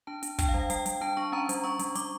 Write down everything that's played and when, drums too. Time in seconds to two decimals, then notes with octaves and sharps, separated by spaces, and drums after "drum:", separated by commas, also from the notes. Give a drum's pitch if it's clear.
0.07 D4 A5
0.23 D4, drum: hi-hat
0.39 D4 G5, drum: kick, hi-hat
0.49 F5
0.54 G3
0.59 F5
0.70 G3 G5, drum: hi-hat
0.86 G3, drum: hi-hat
1.01 D4 A5
1.17 D4 C#6
1.32 C#4 A#5
1.49 G3, drum: hi-hat
1.64 C#4 C#6
1.79 G3, drum: hi-hat
1.95 G3 D6, drum: hi-hat